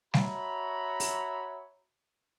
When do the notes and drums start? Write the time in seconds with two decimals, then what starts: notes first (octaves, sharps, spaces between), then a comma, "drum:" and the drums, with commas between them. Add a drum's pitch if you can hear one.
0.14 F#4 C#5 E5 A#5 B5, drum: snare G3
1.00 drum: open hi-hat